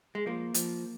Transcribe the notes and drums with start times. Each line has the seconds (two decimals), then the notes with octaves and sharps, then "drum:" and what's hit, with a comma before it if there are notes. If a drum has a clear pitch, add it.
0.15 G#3
0.26 F3 A#3
0.54 F3, drum: hi-hat